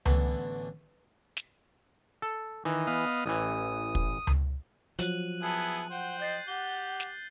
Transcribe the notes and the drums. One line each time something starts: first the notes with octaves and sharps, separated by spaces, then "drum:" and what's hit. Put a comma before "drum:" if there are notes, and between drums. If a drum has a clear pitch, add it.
A1 D3 E3 B3, drum: tom C#2
drum: snare
A4
D#3 E3
B3 D#5 F5
A1 E3 D#6
drum: kick
drum: tom C#2
F3 F#3 F#6 D#7 F#7, drum: hi-hat
B3 E4 G#4 A5
C5 F#5 G5
D#5 G6 A6 C7
G4 F#5 G7
drum: snare